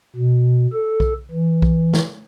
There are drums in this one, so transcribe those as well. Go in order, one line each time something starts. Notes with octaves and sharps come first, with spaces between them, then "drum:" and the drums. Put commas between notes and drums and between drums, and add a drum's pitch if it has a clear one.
B2
A4
drum: kick B1
E3
drum: kick B1
drum: snare